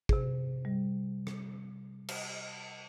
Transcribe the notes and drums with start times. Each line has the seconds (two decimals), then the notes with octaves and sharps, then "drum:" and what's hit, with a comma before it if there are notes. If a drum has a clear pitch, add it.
0.09 C3 G#4, drum: kick
0.65 G3
1.27 drum: rim click
2.09 drum: cymbal